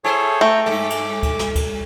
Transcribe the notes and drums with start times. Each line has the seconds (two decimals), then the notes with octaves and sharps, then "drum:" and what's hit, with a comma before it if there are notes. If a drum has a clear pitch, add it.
0.04 E4 G#4 A4 C5 C#5
0.41 A3 G5 A#5
0.66 G2 A4 D6
0.90 drum: cymbal
1.23 drum: kick C#2, cymbal
1.39 drum: snare
1.56 drum: kick C#2, cymbal